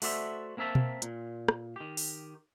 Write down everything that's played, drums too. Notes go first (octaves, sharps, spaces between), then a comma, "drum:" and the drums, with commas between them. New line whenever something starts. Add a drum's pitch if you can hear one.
A3 F#4 C5 D5 E5, drum: open hi-hat
A#3 C4 A#4 E5 A5
drum: tom B2
A#2, drum: hi-hat
drum: rim click
D#3 G4
drum: open hi-hat